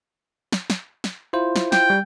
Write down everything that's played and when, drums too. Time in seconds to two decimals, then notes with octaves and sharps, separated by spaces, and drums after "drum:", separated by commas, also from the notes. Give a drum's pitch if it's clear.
0.52 drum: snare
0.70 drum: snare
1.04 drum: snare
1.33 E4 F4 C5
1.56 drum: snare
1.72 G5, drum: snare
1.90 G3